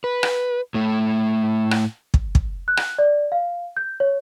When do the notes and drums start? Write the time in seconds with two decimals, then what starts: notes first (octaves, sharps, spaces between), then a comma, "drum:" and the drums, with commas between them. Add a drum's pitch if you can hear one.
0.04 B4
0.23 drum: rim click
0.74 A2 A3
1.71 drum: rim click
2.14 drum: kick
2.35 drum: kick
2.68 F#6
2.77 drum: rim click
2.99 D5
3.32 F5
3.77 G6
4.00 C#5